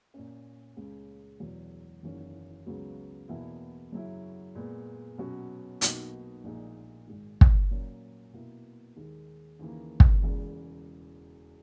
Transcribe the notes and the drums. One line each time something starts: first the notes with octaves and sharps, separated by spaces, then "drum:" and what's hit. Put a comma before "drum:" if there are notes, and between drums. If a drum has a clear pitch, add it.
A#2 A#3 C#4
C#2 C#3 G#3 C#4
E1 E2 B2 F#3
F#1 E2 D#3 F#3 C#4
C#2 C#3 F#3 B3 F#4
E2 B2 A#3 E4
F#2 C#3 F#3 C#4 E4
A#2 G#3 B3
B2 F#3 C#4 F#4
B1 B2 A#3 D#4 F#4, drum: hi-hat
A#1 A#2 G#3 D#4 G#4
G#1 G#2 D#3
drum: kick
A#2 F#3 A#3 C#4
B2 A#3 E4
D#2 D#3 G#3
D#2 C#3 E3 A#3
drum: kick
E1 E2 C#3 G#3